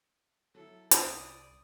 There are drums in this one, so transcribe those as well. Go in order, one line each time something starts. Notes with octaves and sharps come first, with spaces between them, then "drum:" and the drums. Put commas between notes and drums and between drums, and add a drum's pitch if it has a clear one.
F#3 E4 A4
C2 D5 B5 D#6, drum: hi-hat